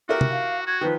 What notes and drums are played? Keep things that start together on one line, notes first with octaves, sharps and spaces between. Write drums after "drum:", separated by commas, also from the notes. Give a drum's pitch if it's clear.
E4 F#4 G4 A#4
drum: tom C3
F5
F#4 G#6
D#3 F3 B4